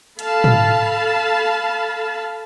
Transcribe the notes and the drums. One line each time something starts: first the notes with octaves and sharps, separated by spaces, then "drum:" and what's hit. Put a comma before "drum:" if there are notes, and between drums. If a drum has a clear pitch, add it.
A4 F5 A5 B5, drum: hi-hat
drum: tom